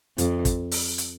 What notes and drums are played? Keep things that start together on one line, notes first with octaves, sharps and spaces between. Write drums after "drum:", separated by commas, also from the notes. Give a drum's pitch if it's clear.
F2, drum: hi-hat
drum: kick, hi-hat
drum: open hi-hat
drum: hi-hat